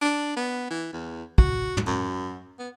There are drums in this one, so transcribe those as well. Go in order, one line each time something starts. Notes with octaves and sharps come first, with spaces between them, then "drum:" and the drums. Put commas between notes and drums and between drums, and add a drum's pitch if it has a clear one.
D4
B3
E3
E2
F#4, drum: kick
drum: tom
F#2
B3